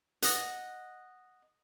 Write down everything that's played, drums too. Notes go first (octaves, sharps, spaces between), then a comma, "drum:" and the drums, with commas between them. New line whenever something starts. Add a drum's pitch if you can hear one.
D#5 F#5, drum: hi-hat